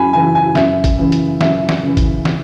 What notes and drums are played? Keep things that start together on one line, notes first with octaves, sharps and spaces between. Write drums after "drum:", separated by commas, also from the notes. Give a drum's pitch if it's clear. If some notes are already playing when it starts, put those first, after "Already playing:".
Already playing: F#2 G#5 B5
C#3 E3 G#5
G#5
F#2 E5, drum: snare
drum: kick G#1, hi-hat
C#3 E3
drum: hi-hat
F#2 E5, drum: snare
drum: snare
C#3 E3
drum: kick G#1, hi-hat
drum: snare